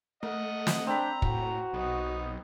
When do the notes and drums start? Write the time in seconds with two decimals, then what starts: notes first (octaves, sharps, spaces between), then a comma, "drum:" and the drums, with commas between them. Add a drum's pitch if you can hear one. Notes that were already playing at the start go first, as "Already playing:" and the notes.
0.23 A3 A#4 D#5 F#5
0.67 drum: snare
0.87 C4 D4 G5 A#5 B5
1.22 A2 F#4, drum: kick
1.73 B1 B3 D#4